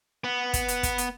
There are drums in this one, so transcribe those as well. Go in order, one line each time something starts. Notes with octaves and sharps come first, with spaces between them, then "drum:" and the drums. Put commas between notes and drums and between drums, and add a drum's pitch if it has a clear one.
B3
drum: kick, hi-hat
drum: hi-hat
drum: kick, hi-hat
drum: hi-hat